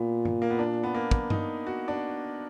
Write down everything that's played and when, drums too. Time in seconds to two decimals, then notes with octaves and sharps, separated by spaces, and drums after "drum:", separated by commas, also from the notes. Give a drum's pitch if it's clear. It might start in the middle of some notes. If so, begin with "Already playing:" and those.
Already playing: A#2 B3
0.25 drum: tom G2
0.42 A#3
0.50 B3
0.59 D4
0.83 B3
0.95 A#3
1.11 drum: kick
1.30 D#4, drum: tom G2
1.67 F#4
1.88 D4